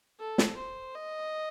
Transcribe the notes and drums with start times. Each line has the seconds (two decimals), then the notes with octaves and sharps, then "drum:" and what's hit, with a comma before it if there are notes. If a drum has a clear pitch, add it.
0.20 A4
0.38 drum: snare
0.57 C5
0.95 D#5